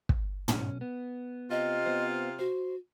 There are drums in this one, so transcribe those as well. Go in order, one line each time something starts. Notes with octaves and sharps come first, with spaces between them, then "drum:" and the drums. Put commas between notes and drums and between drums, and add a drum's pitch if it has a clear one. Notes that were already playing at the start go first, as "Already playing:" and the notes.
drum: kick
B1 C#4, drum: tom
B3
C3 F4 D#5 F5
B3 C5
F#4 C5